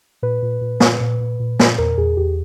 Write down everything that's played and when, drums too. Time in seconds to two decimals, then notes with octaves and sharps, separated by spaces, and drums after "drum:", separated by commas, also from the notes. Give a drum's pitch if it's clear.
0.23 A#2 B4
0.43 A#2
0.61 A#2
0.80 A#2, drum: snare
1.01 A#2
1.20 A#2
1.40 A#2
1.60 A#2, drum: snare
1.78 E2 A#4
1.98 E2 G#4
2.17 E2 G4